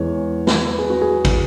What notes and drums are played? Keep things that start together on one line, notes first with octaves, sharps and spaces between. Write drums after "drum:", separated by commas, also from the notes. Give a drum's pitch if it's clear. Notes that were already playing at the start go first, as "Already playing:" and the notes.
Already playing: E2 E3 G#3 C#5
drum: snare
B4
G#4
F#4
G#4
drum: kick, cymbal